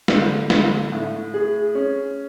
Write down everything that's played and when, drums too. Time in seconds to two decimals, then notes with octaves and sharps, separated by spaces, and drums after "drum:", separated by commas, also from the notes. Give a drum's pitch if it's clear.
0.08 D3, drum: snare
0.50 D3, drum: snare
0.92 A2
1.34 G#4
1.75 C#4